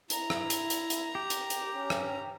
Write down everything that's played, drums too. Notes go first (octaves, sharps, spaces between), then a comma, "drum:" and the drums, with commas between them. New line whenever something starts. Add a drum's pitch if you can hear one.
E4 A#5, drum: hi-hat
drum: rim click
drum: hi-hat
drum: hi-hat
drum: hi-hat
G4
drum: hi-hat
drum: hi-hat
C#4
drum: rim click